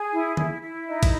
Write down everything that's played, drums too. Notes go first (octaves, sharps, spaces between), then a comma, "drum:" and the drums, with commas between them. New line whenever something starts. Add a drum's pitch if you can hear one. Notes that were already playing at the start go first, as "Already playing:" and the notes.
Already playing: G#4
E4
E4, drum: tom D3
E4
D#4
drum: kick, cymbal